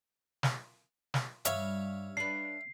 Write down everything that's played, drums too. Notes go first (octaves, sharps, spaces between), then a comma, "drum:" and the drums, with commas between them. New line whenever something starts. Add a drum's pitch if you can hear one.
drum: snare
drum: snare
G2 C#5 E5 F5, drum: hi-hat
D4 B4 C7